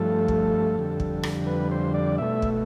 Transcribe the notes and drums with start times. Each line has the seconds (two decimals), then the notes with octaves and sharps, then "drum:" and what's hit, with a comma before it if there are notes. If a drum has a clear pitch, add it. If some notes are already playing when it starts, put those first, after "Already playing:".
Already playing: G2 F3 A3 A4
0.28 drum: kick
0.76 F2 D3 G3
1.00 drum: kick
1.23 drum: rim click
1.47 B4
1.71 C5
1.94 D5
2.18 B2 A3 E5
2.42 drum: kick